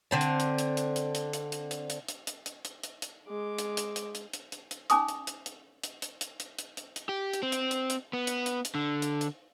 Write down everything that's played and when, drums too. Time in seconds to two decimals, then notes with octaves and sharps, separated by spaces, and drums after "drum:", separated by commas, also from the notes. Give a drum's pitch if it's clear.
0.11 D3 C4 A5
0.21 drum: hi-hat
0.40 drum: hi-hat
0.58 drum: hi-hat
0.77 drum: hi-hat
0.96 drum: hi-hat
1.15 drum: hi-hat
1.33 drum: hi-hat
1.52 drum: hi-hat
1.71 drum: hi-hat
1.90 drum: hi-hat
2.08 drum: hi-hat
2.27 drum: hi-hat
2.46 drum: hi-hat
2.65 drum: hi-hat
2.83 drum: hi-hat
3.02 drum: hi-hat
3.28 G#3 D6
3.58 drum: hi-hat
3.77 drum: hi-hat
3.96 drum: hi-hat
4.15 drum: hi-hat
4.33 drum: hi-hat
4.52 drum: hi-hat
4.71 drum: hi-hat
4.90 C#4 D#4 G#5 D6 D#6, drum: hi-hat
5.08 drum: hi-hat
5.27 drum: hi-hat
5.46 drum: hi-hat
5.84 drum: hi-hat
6.02 drum: hi-hat
6.21 drum: hi-hat
6.40 drum: hi-hat
6.59 drum: hi-hat
6.77 drum: hi-hat
6.96 drum: hi-hat
7.09 G4
7.34 drum: hi-hat
7.43 C4
7.52 drum: hi-hat
7.71 drum: hi-hat
7.90 drum: hi-hat
8.13 B3
8.27 drum: hi-hat
8.46 drum: hi-hat
8.65 drum: hi-hat
8.75 D3
9.02 drum: hi-hat
9.21 drum: hi-hat